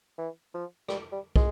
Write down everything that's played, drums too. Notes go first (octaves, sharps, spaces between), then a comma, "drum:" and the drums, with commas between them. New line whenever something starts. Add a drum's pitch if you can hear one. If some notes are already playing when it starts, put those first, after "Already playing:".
E3
F3
G3, drum: rim click
G3
G#3, drum: kick